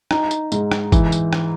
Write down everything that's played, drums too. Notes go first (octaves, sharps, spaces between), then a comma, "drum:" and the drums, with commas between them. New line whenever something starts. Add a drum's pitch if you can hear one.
D#4, drum: rim click
drum: tambourine
G#2, drum: tambourine
drum: rim click
E3, drum: kick, tambourine
drum: tambourine
drum: rim click